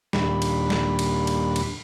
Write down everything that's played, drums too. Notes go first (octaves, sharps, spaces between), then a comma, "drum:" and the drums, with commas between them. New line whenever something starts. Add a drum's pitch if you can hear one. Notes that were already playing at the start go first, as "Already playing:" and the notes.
D#2 A#2 G3 D4 B5, drum: snare
drum: cymbal
drum: snare
drum: cymbal
drum: cymbal
drum: cymbal